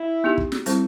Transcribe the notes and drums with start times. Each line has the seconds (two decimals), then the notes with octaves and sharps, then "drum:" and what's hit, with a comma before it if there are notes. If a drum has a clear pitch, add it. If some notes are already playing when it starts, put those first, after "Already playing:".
Already playing: E4
0.24 B3 D#4 G4
0.38 drum: kick
0.52 drum: snare
0.66 G3 C4 E4 A4 C5, drum: hi-hat